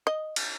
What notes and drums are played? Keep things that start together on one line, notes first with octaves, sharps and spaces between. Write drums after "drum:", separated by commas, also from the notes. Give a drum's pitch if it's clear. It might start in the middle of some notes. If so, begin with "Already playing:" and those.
D#5
drum: cymbal